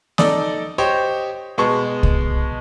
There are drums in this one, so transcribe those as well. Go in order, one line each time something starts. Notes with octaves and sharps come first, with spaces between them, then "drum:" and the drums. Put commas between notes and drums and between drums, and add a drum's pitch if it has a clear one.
D#4 A4 D5 D#6, drum: snare A#3
G4 C5 C#5 D#5
B2 G#3 B3 A5 C#6
drum: kick C2